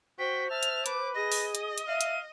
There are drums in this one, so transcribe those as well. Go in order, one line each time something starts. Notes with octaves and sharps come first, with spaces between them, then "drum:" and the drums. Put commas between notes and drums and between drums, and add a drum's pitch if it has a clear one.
F#4 C5 G5 B6
E5 A5 F6
drum: hi-hat
B4 D6, drum: hi-hat
G#4 D#5 A#6
drum: open hi-hat
D#6, drum: hi-hat
drum: hi-hat
E5 F5 D#7
drum: hi-hat